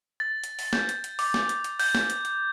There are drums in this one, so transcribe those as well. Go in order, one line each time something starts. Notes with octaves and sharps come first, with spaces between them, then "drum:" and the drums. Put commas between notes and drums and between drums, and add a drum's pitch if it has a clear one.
A6
drum: hi-hat
drum: open hi-hat
G6, drum: snare
drum: hi-hat
drum: hi-hat
D6, drum: open hi-hat
drum: snare
drum: hi-hat
drum: hi-hat
G6, drum: open hi-hat
drum: snare
drum: hi-hat
drum: hi-hat